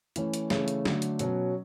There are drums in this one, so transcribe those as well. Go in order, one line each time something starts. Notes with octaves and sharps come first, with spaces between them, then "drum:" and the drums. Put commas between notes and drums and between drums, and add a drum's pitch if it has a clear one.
E3 A3 C#4, drum: hi-hat
drum: hi-hat
C#3 E3 A3 C#4, drum: snare
drum: hi-hat
D3 F#3 A3, drum: snare
drum: hi-hat
B2 F#3 C#4, drum: hi-hat